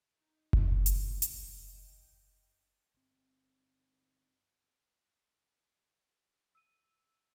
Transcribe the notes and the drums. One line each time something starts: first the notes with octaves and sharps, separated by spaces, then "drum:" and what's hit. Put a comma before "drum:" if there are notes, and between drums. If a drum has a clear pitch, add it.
D#4
drum: kick F#1
drum: hi-hat
D#5 G5, drum: hi-hat
G1 C4
E6 D#7